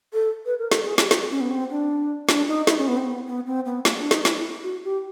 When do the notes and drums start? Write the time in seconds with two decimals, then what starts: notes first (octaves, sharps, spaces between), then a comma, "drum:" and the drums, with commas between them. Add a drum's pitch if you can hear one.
0.13 A4
0.46 B4
0.59 A#4
0.72 A4, drum: snare
0.85 G#4
0.98 G4, drum: snare
1.11 F#4, drum: snare
1.31 C#4
1.41 B3
1.51 C4
1.70 D4
2.29 D4, drum: snare
2.48 D#4
2.67 E4, drum: snare
2.78 C#4
2.88 B3
2.97 C4
3.07 B3
3.26 B3
3.46 C4
3.66 B3
3.85 A#3, drum: snare
3.99 D4
4.11 D#4, drum: snare
4.25 E4, drum: snare
4.38 E4
4.63 F#4
4.84 G4